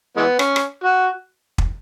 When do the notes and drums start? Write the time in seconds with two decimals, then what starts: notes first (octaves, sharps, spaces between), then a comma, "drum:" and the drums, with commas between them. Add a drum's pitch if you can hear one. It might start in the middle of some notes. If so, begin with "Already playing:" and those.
0.17 E3 G#3 B3
0.39 C#4, drum: rim click
0.56 drum: rim click
0.84 F#4
1.58 drum: kick